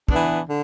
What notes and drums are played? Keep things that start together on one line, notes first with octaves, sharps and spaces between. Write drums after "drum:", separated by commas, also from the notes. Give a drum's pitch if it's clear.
E3 B3 D4, drum: kick
D3